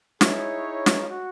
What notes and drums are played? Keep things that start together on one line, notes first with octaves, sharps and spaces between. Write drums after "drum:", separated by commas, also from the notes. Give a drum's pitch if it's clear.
D#4 E4 G#4 C#5, drum: snare
drum: snare
F4
F#4